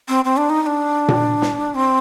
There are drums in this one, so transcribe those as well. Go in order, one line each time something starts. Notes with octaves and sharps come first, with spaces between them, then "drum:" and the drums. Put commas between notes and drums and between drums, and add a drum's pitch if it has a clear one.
C4
C4
D4
D#4
D#4
D4
drum: tom A#2
drum: snare
C4